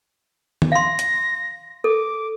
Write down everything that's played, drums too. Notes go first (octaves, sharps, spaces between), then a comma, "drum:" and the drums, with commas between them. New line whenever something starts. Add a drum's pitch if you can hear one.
drum: tom D#3
F5 C6 A#6
drum: hi-hat
A4 D6